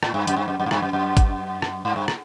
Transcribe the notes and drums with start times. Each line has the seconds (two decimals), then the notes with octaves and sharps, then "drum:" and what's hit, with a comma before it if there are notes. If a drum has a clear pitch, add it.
0.03 A2, drum: rim click
0.14 G2
0.27 F#2, drum: hi-hat
0.36 G2
0.48 F#2
0.60 F#2
0.66 G#2
0.71 G2, drum: rim click
0.82 F#2
0.93 F#2
1.17 drum: kick, hi-hat
1.62 drum: rim click
1.85 G#2
1.96 G2
2.08 drum: rim click